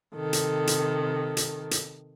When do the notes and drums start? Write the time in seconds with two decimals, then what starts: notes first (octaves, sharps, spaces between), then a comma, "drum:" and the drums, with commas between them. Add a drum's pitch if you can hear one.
0.15 C3 D#3 A4
0.33 drum: hi-hat
0.67 drum: hi-hat
1.37 drum: hi-hat
1.71 drum: hi-hat